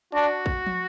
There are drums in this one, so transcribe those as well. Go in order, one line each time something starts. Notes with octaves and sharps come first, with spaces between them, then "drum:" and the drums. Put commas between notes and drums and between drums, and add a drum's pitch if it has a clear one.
D4 F#4
drum: kick
drum: tom